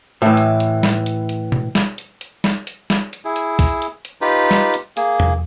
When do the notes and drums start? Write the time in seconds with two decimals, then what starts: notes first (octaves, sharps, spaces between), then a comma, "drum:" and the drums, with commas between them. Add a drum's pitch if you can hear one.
0.22 A2 E3
0.37 drum: hi-hat
0.60 drum: hi-hat
0.83 drum: snare
1.06 drum: hi-hat
1.29 drum: hi-hat
1.52 drum: tom B2
1.75 drum: snare
1.98 drum: hi-hat
2.21 drum: hi-hat
2.44 drum: snare
2.67 drum: hi-hat
2.90 drum: snare
3.13 drum: hi-hat
3.25 E4 G#4
3.36 drum: hi-hat
3.59 drum: kick B1, open hi-hat
3.82 drum: hi-hat
4.05 drum: hi-hat
4.21 D#4 F4 G4 B4
4.51 drum: snare
4.74 drum: hi-hat
4.97 A#3 G#4, drum: hi-hat
5.20 drum: tom E2